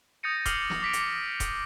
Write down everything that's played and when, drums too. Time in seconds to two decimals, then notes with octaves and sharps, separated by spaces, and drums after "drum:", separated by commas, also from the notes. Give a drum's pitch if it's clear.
0.23 D#6 G6 A6 A#6 C#7 D#7
0.46 D6 D#6 F6 C7 F7 F#7, drum: kick D#1, hi-hat
0.70 drum: snare
0.82 D6 B6 D7
0.93 drum: hi-hat
1.04 A#6
1.40 drum: kick D#1, hi-hat